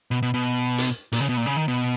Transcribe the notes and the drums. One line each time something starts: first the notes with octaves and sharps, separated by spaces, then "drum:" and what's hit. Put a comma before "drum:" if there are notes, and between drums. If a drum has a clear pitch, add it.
B2
B2
B2
drum: hi-hat
A#2, drum: hi-hat
C#3
B2
A#2
C#3
D#3
B2